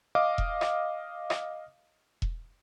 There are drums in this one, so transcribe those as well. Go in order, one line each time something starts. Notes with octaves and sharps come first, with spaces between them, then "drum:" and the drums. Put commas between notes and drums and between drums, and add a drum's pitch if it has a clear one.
D#5 F5 D6
drum: kick E1
drum: rim click
drum: rim click
drum: kick E1